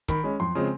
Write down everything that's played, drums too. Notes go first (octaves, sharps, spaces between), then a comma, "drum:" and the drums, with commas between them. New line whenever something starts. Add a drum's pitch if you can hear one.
D#3 B5, drum: kick, hi-hat
G#3 C#4
F2 C6
C#3 F3 G#3 C4